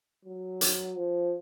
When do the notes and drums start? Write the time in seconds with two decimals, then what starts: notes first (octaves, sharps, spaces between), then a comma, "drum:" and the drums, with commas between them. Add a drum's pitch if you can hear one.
0.25 F#3
0.61 drum: hi-hat
0.97 F3